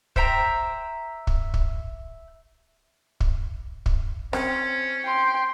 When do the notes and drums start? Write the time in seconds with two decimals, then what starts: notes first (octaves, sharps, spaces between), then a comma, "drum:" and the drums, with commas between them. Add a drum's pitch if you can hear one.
0.16 C5 E5 G5 A#5, drum: kick
1.27 drum: kick
1.54 drum: kick
3.20 drum: kick
3.86 drum: kick
4.33 C4 C#4, drum: rim click
5.04 G5 C6